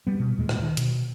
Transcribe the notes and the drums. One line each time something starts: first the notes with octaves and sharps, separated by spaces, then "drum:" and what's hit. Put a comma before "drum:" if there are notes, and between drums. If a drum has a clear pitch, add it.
G3 B3
B2
D#2 A#2 G#3
drum: rim click
D#3
B2, drum: hi-hat